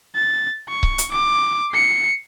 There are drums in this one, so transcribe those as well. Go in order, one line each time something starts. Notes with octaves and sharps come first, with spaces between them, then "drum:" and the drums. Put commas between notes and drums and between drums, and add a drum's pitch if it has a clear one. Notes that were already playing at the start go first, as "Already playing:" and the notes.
A6
C#6
drum: kick C#1
drum: hi-hat
D6
C7 C#7